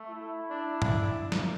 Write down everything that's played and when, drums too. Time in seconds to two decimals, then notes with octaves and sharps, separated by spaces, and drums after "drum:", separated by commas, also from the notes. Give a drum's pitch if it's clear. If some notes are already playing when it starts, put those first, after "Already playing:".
Already playing: A3
0.09 E4
0.50 D4
0.82 drum: tom G2
1.32 A#3, drum: snare